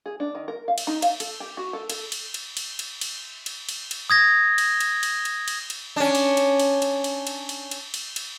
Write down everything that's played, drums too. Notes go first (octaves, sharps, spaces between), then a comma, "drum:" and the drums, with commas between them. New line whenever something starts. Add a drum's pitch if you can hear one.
G#4
D4
D#3
A#4
F5
drum: cymbal
D#4
F5, drum: cymbal
A4, drum: cymbal
G4
F#4
A4
A4, drum: cymbal
drum: cymbal
drum: cymbal
drum: cymbal
drum: cymbal
drum: cymbal
drum: cymbal
drum: cymbal
drum: cymbal
D#6 G#6 A#6
drum: cymbal
drum: cymbal
drum: cymbal
drum: cymbal
drum: cymbal
drum: cymbal
C#4 D4
drum: cymbal
drum: cymbal
drum: cymbal
drum: cymbal
drum: cymbal
drum: cymbal
drum: cymbal
drum: cymbal
drum: cymbal
drum: cymbal